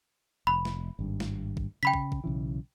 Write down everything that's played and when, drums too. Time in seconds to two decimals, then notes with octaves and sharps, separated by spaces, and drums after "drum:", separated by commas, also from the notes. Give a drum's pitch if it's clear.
0.47 F1 B5
0.65 drum: snare
0.99 G#1 G2
1.20 drum: snare
1.57 drum: kick
1.83 C#3 G5 B5 B6
1.94 drum: kick
2.12 drum: kick
2.24 B1 C#3 E3